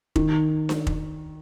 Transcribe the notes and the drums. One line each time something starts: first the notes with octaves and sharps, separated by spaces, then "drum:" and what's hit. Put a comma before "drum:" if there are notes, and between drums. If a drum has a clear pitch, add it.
D#3, drum: kick
drum: snare D4
drum: kick